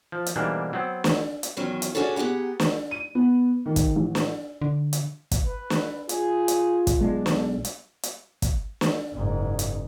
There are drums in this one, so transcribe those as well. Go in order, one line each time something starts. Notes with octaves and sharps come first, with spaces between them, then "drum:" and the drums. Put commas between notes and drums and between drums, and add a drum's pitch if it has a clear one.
F3
drum: hi-hat
G#2 B2 E3 G3 A#3 D4
F#3 B3 C4
drum: snare
drum: hi-hat
E2 D#3 F#3 C#4
drum: hi-hat
C#4 D4 F#4 G#4 A4 C#5
B3 G4 G#4 F#5 A#5
drum: snare
D#7
B3
D#3
drum: kick, hi-hat
A1
drum: snare
D3
drum: hi-hat
drum: kick, hi-hat
B4
drum: snare
F4 G#4, drum: hi-hat
drum: hi-hat
drum: kick, hi-hat
B1 G#3 D4
drum: snare
drum: hi-hat
drum: hi-hat
drum: kick, hi-hat
drum: snare
F#1 G#2
drum: hi-hat